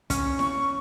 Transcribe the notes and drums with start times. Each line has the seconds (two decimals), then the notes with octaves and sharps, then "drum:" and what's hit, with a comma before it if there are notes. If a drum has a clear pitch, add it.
0.10 C#4, drum: kick, hi-hat
0.39 C#6, drum: snare E4